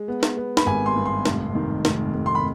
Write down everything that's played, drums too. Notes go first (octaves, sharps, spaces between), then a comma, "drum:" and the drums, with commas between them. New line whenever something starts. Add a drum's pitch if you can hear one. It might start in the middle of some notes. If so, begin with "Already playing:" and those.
Already playing: G#3
B3
drum: snare
B3
B5, drum: snare
G#1 G#5
C6
G2
C6
F1, drum: snare
D#3
F1, drum: snare
F1
C6
B5